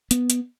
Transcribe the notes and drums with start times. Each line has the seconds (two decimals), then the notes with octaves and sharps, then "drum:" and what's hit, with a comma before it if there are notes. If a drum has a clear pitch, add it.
0.11 B3, drum: hi-hat
0.30 drum: hi-hat